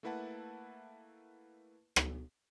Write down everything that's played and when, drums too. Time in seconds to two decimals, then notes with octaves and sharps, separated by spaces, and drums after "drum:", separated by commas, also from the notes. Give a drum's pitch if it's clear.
0.03 A3 A#3 E4 B4 F#5 A5
1.96 drum: rim click